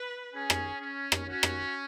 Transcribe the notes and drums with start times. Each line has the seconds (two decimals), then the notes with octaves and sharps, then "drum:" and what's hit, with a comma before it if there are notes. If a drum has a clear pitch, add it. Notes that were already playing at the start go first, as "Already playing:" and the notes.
Already playing: B4
0.34 C#4 G#4
0.50 drum: rim click
0.80 C#4
1.12 drum: rim click
1.27 C#4 F#4
1.43 drum: rim click